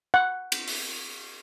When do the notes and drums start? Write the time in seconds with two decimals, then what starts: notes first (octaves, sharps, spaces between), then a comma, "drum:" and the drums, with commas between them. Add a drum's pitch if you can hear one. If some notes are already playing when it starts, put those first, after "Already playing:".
0.14 F#5
0.52 drum: cymbal
0.68 drum: open hi-hat